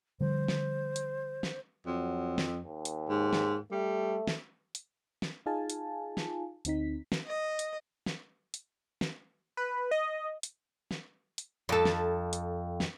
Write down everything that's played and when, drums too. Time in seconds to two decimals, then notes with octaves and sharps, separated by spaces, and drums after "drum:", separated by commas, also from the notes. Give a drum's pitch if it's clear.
0.20 D3 F3 G3 C5
0.48 drum: snare
0.96 drum: hi-hat
1.43 drum: snare
1.87 F2 F#3
2.38 drum: snare
2.65 D#2
2.85 drum: hi-hat
3.09 G#2
3.33 drum: snare
3.72 G3 A3
4.27 drum: snare
4.75 drum: hi-hat
5.22 drum: snare
5.46 D#4 F4 G#4 F5 G#5 A5
5.70 drum: hi-hat
6.17 drum: snare
6.65 D2 C4 D#4 B6, drum: hi-hat
7.12 drum: snare
7.26 D#5
7.59 drum: hi-hat
8.06 drum: snare
8.54 drum: hi-hat
9.01 drum: snare
9.57 B4
9.91 D#5
10.43 drum: hi-hat
10.91 drum: snare
11.38 drum: hi-hat
11.69 F2 A4
11.85 drum: snare
12.33 drum: hi-hat
12.80 drum: snare